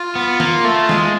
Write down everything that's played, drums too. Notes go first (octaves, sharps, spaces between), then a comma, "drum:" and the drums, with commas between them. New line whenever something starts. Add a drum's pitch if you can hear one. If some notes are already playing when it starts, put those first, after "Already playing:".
Already playing: F4
B3
A#3, drum: snare
A3
G#3, drum: snare